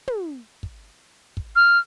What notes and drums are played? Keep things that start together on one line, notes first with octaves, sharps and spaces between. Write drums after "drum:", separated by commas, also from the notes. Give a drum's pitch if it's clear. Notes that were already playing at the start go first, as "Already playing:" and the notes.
drum: tom
drum: kick
drum: kick
F6